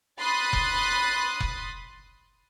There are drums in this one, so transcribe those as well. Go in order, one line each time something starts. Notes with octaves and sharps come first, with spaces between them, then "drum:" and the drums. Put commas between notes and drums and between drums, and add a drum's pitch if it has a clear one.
B5 C6 D#6 F#6 A6
drum: kick F1
drum: kick F1